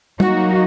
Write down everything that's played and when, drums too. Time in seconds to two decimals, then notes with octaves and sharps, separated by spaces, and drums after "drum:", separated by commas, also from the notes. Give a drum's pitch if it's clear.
0.20 F#3 A#3 D#4 F#4, drum: tom